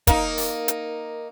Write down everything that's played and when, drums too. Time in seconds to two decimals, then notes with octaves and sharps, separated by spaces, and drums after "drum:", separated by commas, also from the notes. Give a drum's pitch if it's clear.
0.07 A#3 D#4, drum: kick, hi-hat
0.38 drum: open hi-hat
0.68 drum: hi-hat